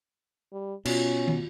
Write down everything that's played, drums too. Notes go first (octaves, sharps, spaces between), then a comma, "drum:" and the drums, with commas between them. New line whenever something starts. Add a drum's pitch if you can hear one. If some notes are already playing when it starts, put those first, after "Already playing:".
G3
B2 C#4 F4 F#4, drum: cymbal
drum: tom